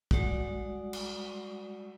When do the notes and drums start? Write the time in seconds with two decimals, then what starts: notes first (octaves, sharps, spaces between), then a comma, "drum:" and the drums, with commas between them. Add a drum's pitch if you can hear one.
0.11 G3 G#3 F#4 D5 F#5 D#6, drum: kick
0.93 drum: cymbal